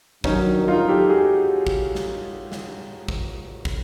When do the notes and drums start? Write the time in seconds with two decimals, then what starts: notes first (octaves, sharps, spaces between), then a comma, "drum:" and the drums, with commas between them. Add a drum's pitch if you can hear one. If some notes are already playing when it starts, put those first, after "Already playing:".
0.24 G2 D#3 F#3 C#4 D#4, drum: kick
0.68 D#4 F4
0.89 G4 A4
1.09 F#4 G#4
1.67 drum: kick
1.95 drum: snare
2.52 drum: snare
3.08 drum: kick
3.65 drum: kick